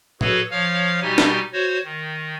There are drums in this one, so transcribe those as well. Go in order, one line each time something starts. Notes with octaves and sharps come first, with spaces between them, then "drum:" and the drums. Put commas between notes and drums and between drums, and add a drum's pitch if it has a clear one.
F#4 G#4 A4 B4 C#5, drum: tom A2
F3 C#5 F5 F6
B2 G3 D#4 G4 G#5
drum: snare
F#4 C5 C#5
D#3